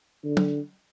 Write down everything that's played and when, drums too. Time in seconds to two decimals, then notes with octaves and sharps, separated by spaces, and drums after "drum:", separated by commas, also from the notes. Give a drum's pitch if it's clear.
0.24 D3
0.37 drum: tom